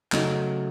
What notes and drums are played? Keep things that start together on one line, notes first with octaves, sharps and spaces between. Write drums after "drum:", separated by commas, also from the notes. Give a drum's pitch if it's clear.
C#3 F#3 A3 D#4, drum: clap